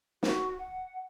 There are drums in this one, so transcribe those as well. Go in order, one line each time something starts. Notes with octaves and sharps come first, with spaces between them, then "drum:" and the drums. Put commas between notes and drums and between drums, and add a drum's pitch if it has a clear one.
F#4, drum: snare
F#5